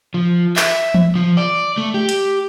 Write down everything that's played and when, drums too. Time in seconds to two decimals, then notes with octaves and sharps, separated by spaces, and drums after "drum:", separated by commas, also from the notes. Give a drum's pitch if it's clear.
0.14 F3
0.56 E5, drum: clap
0.94 drum: tom E3
1.16 F3
1.37 D5
1.78 A3
1.94 G4
2.09 drum: hi-hat